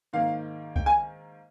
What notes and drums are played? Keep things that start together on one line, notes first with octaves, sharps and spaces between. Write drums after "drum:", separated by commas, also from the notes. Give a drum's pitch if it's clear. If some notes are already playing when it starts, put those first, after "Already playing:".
G#2 D#3 A#3 F5
G5, drum: kick C2
G#5